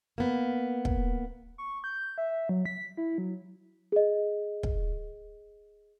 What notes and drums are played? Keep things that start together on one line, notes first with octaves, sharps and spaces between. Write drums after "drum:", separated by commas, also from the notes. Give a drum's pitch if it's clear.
A#3 B3
drum: kick
C#6
G6
E5
F#3
B6
E4
F#3
G#4 D#5
drum: kick